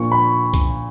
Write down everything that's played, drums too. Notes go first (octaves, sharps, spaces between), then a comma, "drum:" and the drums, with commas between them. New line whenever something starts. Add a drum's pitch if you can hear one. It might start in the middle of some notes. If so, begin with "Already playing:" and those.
Already playing: A#2 F3 A#3 D4 C#6
B5
drum: kick C2, hi-hat